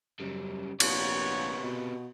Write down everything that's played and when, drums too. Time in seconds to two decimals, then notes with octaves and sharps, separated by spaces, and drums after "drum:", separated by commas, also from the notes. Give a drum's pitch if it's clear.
0.20 F#2 C#3 G3
0.80 A#1 C3 B3 C#5, drum: cymbal
1.63 B2